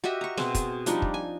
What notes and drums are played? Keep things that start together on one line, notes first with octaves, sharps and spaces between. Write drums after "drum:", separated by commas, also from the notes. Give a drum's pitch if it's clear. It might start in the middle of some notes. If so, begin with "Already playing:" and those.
F#4 G4 D#5 E5
A#5 C#6
B2 C4 G#4, drum: snare
G#4, drum: kick, hi-hat
F3 G3 D4 D#4, drum: hi-hat
drum: kick
G#5